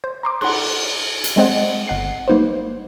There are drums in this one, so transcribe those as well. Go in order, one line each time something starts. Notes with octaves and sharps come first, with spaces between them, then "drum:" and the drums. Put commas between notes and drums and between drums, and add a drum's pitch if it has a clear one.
C5
A#5 C6 D6
F#5 B5 C6 F#6, drum: cymbal
drum: hi-hat
G3 G#3 C4 C5 D#5 F#5
G1 F#5 C7
G3 A#3 D#4 B4 C5